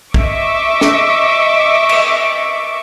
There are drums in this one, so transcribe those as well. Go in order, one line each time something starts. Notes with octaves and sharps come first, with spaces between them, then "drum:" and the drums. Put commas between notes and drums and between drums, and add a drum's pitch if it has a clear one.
D#5 E5 C#6 D6, drum: kick
drum: snare
drum: cymbal